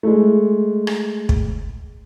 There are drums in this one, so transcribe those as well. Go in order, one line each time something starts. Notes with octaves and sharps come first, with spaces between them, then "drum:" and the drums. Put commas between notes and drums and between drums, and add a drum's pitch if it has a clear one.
G#3 A3
drum: rim click
drum: kick